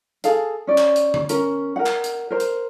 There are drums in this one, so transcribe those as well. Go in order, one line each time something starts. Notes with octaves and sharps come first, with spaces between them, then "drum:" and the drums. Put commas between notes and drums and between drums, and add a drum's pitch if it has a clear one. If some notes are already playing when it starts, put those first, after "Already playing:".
G#4 A4 F5, drum: hi-hat
C#4 D5
drum: clap
drum: hi-hat
drum: tom D3
C#4 A#4, drum: hi-hat
A#4 F#5
drum: clap
drum: hi-hat
A#4 C5
drum: hi-hat